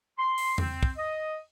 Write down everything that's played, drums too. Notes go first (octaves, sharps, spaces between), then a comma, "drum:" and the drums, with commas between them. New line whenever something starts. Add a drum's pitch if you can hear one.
C6
drum: open hi-hat
C4, drum: tom E2
drum: kick
D#5